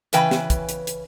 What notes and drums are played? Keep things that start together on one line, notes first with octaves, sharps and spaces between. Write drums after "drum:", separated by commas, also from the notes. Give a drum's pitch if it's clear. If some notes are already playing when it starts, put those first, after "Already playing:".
C#3 E3 B4 G5 G#5, drum: hi-hat
drum: snare
drum: kick, hi-hat
drum: hi-hat
drum: hi-hat